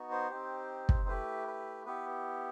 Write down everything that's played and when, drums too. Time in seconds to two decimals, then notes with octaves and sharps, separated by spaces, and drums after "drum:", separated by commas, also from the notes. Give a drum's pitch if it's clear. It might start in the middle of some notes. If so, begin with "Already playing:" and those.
Already playing: B3 D#4 F#4
0.11 C5
0.30 C4 D#4 G4
0.89 drum: kick
1.08 A3 E4 G4 B4
1.47 B4
1.85 B3 E4 G4 B4